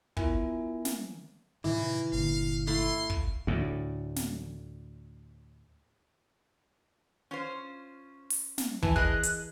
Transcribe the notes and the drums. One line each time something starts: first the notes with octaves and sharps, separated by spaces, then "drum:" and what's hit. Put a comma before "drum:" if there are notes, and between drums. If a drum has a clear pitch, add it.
B3 E4 F4 A#4 E5 G#5, drum: kick
drum: snare
A2 C3 D#3 E3 A#3
G1 A#2 D3 F5
A3 E4 F5 C6
drum: kick
D2 A2
drum: snare
C#4 F4 C5
drum: open hi-hat
drum: snare
E3 G#5 A5, drum: kick
G#4 A#4 D#5 F#6, drum: kick
drum: hi-hat